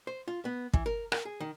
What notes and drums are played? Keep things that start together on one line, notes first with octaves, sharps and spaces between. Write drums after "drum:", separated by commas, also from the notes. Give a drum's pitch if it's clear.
C5
F4
B3
E3, drum: kick
A#4
A#4, drum: rim click
G#4
D#3